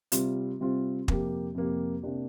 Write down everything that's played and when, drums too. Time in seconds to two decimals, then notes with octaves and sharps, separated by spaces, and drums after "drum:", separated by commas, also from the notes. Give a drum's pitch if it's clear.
0.12 C3 G3 C4 F4, drum: hi-hat
0.60 C3 G3 C4 F4
1.08 F2 C3 A#3 G4, drum: kick
1.55 F2 C3 A#3 G4
2.03 C3 A#3 D4 G4